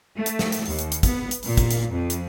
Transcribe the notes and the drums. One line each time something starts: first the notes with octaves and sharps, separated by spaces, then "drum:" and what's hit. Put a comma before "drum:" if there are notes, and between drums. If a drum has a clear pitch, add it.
A3
drum: hi-hat
drum: snare
drum: hi-hat
D#2, drum: open hi-hat
drum: hi-hat
drum: hi-hat
B3, drum: kick, hi-hat
drum: hi-hat
A#2, drum: open hi-hat
drum: kick, hi-hat
drum: hi-hat
F2
drum: hi-hat